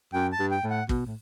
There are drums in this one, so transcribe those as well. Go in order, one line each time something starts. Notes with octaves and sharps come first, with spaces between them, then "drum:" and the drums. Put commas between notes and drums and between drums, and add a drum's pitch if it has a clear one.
F#2 G5
A5
G2
G5
A2
F#5
B2, drum: kick
A2